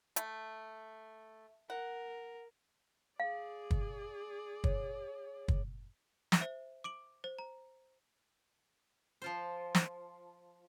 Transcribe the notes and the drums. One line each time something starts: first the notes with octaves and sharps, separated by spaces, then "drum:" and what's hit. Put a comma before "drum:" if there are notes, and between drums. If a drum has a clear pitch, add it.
A3, drum: hi-hat
A#4 F#5
G#4 D5 F5
drum: kick
C#5, drum: kick
drum: kick
drum: snare
C5 E5
D6 D7 F#7
C5
A#5
F3 F4 C5
drum: snare